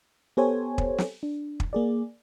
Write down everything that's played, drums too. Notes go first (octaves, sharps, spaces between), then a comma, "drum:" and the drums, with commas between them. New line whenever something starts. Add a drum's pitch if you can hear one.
B3 G4 A4 C5 C#5 G#5
drum: kick
drum: snare
D4
drum: kick
A#3 G#4 D5